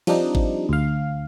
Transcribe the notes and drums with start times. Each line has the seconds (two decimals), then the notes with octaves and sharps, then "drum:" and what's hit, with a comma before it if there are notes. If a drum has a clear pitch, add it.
0.07 F3 G3 C4 D4 D#4, drum: cymbal
0.35 drum: kick G#1
0.69 D2 F5